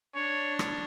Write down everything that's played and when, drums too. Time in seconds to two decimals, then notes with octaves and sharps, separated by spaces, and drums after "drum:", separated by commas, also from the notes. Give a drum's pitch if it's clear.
0.15 D4 C#5
0.59 drum: rim click